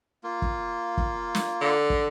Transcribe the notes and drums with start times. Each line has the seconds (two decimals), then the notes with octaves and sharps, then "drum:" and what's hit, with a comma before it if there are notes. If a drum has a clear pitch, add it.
0.24 A#3 F4
0.42 drum: kick
0.98 drum: kick
1.35 drum: snare
1.61 D3
1.90 drum: kick